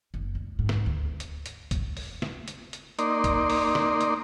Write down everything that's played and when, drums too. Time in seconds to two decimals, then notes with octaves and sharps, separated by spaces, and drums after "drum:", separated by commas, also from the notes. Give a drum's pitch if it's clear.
0.14 F#1
0.35 C#2
0.59 G#2
0.69 drum: snare
0.86 D2
1.20 drum: hi-hat
1.46 drum: hi-hat
1.71 drum: kick F#1, hi-hat
1.97 drum: open hi-hat
2.22 drum: snare
2.48 drum: hi-hat
2.73 drum: hi-hat
2.99 A#3 D#4 D5 C6, drum: hi-hat
3.24 drum: kick F#1, hi-hat
3.50 drum: open hi-hat
3.75 drum: snare
4.01 drum: hi-hat